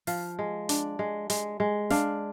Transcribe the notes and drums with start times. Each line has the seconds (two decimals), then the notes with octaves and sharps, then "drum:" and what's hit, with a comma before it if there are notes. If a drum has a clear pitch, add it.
0.07 F3 F5, drum: open hi-hat
0.39 G#3
0.69 D4, drum: hi-hat
0.99 G#3
1.30 G#3, drum: hi-hat
1.60 G#3
1.90 D4 F5, drum: snare